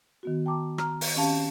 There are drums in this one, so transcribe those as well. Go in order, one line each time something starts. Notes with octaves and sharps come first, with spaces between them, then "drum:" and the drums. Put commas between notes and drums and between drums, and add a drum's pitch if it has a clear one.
D#3 B3 F#4
G5 A5 A#5 D6
A#5 F6, drum: rim click
drum: open hi-hat
D#3 C4 C#4 G4 F5 A5